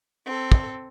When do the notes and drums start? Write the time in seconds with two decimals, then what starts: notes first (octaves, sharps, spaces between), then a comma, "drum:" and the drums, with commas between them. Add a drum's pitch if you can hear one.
0.25 C4 A4
0.52 drum: kick